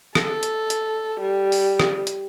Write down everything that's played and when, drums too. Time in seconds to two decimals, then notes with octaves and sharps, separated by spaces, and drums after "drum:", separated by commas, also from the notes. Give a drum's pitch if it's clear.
0.15 A4, drum: rim click
0.43 drum: hi-hat
0.70 drum: hi-hat
1.20 G3
1.52 drum: open hi-hat
1.80 drum: rim click
2.07 drum: hi-hat